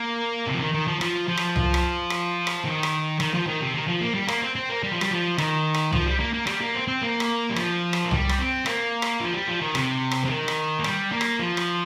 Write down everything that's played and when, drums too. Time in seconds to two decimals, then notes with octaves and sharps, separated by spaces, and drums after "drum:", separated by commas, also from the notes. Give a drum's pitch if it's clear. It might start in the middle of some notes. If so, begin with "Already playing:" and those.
Already playing: A#3
0.47 C3
0.54 F3
0.60 D#3
0.74 D#3
0.88 F3
1.01 F3, drum: rim click
1.28 F3
1.37 drum: rim click
1.56 drum: tom C2
1.74 drum: rim click
2.10 drum: rim click
2.47 drum: rim click
2.64 D#3
2.83 drum: rim click
3.20 D#3, drum: rim click
3.34 F3
3.47 D#3
3.61 C3
3.74 D#3
3.88 F3
4.01 A#3
4.15 G3
4.28 A#3, drum: rim click
4.42 C4
4.56 C4
4.69 A#3
4.83 G3
4.92 F3
5.01 G3, drum: rim click
5.11 F3
5.38 D#3, drum: rim click
5.74 drum: rim click
5.93 F3, drum: tom C2
6.06 G3
6.20 A#3
6.34 A#3
6.47 G3, drum: rim click
6.61 A#3
6.75 C4
6.88 C4
7.02 A#3
7.20 drum: rim click
7.50 G3
7.56 F3, drum: rim click
7.93 drum: rim click
8.05 A#3
8.11 G3, drum: tom C2
8.29 drum: rim click
8.39 C4
8.66 A#3, drum: rim click
9.02 drum: rim click
9.20 F3
9.34 G3
9.47 F3
9.61 D#3
9.75 C3, drum: rim click
10.11 drum: rim click
10.25 C3
10.29 D#3
10.48 drum: rim click
10.79 A#3
10.84 G3, drum: rim click
11.12 A#3
11.21 drum: rim click
11.39 F3
11.57 drum: rim click